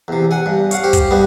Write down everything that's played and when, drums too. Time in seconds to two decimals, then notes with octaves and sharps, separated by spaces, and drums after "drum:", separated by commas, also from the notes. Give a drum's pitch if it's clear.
0.08 E2 C3
0.31 F#5 G#5
0.46 G2
0.71 C#5 F5 F#5, drum: hi-hat
0.84 G4 C5
0.93 drum: kick, hi-hat
1.11 G2 G3 B3